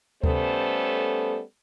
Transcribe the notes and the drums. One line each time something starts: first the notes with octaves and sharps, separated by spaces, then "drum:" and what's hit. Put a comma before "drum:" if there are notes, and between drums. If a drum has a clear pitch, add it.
G3 A3 B3 C#4 A4 C5, drum: kick D2